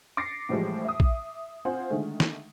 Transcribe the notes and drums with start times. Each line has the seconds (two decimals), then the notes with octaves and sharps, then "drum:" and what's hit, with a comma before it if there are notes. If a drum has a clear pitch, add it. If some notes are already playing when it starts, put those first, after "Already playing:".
0.17 D6 A6 A#6 C7 C#7
0.49 A2 E3 F3 G3 G#3
0.85 E5 D#6
1.00 drum: kick A#1
1.65 C4 F4 C5 F#5 G#5
1.90 D3 D#3 G#3 A3
2.20 drum: snare